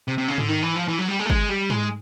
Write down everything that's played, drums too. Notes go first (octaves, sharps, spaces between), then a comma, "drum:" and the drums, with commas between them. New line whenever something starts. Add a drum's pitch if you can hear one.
C3
C3
C#3
D3, drum: tom G#2
D#3
E3
F3
E3
F#3
G3
G#3
A3
G#3, drum: kick
G3
G#3, drum: tom G#2